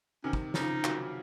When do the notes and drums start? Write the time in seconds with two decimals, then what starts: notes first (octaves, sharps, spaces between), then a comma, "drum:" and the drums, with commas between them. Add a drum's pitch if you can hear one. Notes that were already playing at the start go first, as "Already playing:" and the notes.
0.24 C3 D#3 C#4
0.33 drum: kick
0.54 C#3 F3 D#4, drum: snare
0.84 D#3 F#3, drum: clap